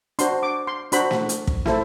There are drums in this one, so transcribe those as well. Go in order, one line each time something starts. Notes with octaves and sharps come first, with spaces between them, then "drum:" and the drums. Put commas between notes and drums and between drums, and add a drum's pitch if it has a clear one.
D4 F#4 C5 C6, drum: hi-hat
D6
C6
D4 F#4 C5 B5, drum: hi-hat
drum: snare
drum: hi-hat
drum: kick
E4 A4 C5, drum: snare